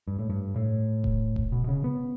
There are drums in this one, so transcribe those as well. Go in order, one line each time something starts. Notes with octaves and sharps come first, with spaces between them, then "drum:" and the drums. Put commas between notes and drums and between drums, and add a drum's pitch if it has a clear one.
G2
A2
G2
A2
drum: kick D#1
drum: kick D#1
B2
B2
C#3
B3